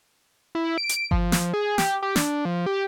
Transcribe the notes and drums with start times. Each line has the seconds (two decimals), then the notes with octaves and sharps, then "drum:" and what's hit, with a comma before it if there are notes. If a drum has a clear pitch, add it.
0.55 E4
0.78 D7
0.89 drum: hi-hat
1.11 F3, drum: kick G1
1.32 drum: snare
1.54 G#4
1.78 G4, drum: snare
2.02 G4
2.16 D4, drum: snare
2.45 F3
2.66 G4